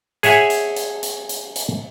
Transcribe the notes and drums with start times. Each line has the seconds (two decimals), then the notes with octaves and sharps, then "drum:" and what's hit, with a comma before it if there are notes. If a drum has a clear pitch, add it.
0.23 G#4 C#5 E5 F#5 G#5, drum: hi-hat
0.50 drum: hi-hat
0.76 drum: hi-hat
1.03 drum: hi-hat
1.29 drum: hi-hat
1.56 drum: hi-hat